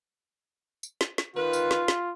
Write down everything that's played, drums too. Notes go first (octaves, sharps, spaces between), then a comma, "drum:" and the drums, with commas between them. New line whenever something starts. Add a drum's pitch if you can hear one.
drum: tambourine
drum: snare
drum: snare
D#3 F4 B4
drum: tambourine
drum: snare
drum: snare